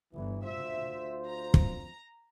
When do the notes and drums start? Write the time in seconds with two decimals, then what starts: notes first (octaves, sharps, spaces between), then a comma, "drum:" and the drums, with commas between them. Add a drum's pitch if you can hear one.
0.14 G1 E3
0.44 D2 F4 C5 E5
1.28 A#5
1.54 drum: kick